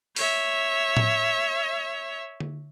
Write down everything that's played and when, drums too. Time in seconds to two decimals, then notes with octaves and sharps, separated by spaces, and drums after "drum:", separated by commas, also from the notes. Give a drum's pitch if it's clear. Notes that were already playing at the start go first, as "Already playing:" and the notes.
0.16 C#5 E5, drum: open hi-hat
0.97 drum: tom A2
2.40 drum: tom D3